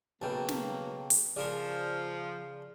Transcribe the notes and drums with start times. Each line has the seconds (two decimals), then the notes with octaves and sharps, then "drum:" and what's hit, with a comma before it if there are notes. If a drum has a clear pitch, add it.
0.22 B1 C#3 F#3 A#3 B4 G5 A5
0.49 drum: snare
1.10 drum: open hi-hat
1.36 C#3 F3 D4 A#4 D5